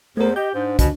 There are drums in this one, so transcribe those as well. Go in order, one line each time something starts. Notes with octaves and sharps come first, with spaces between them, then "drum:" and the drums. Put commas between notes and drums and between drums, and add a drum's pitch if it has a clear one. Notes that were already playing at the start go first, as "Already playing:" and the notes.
E2 A3 A#4 C5
G4 D#5 G6
G#2 D4
C#2 B2 D3, drum: kick, hi-hat